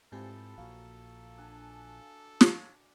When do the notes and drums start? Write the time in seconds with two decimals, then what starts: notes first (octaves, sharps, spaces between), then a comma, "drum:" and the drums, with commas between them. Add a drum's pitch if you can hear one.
0.12 G#2 E3 F3 G3 C4 G4 A4
0.58 A#1 A#2 F#3 F5
1.38 D4 F#5 G#5
2.41 drum: snare